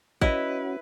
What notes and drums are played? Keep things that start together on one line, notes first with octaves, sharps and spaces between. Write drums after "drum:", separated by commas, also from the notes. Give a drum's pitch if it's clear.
C#4 E4 F#4 B4 C#5 D#5, drum: kick A1